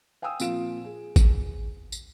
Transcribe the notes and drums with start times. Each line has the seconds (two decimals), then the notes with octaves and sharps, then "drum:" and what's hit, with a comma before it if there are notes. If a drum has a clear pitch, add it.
0.22 F5 G5 G#5 D#6 E6
0.40 A#2 F3 C4 F4 D7 E7, drum: tambourine
0.85 G#4
1.16 drum: kick, tambourine
1.92 drum: tambourine